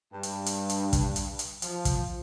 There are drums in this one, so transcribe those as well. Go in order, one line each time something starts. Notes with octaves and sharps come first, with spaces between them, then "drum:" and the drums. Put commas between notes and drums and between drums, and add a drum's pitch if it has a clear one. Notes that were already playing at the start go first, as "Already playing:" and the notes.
G2
drum: hi-hat
drum: hi-hat
drum: hi-hat
drum: kick, hi-hat
drum: hi-hat
drum: hi-hat
F3, drum: hi-hat
drum: kick, hi-hat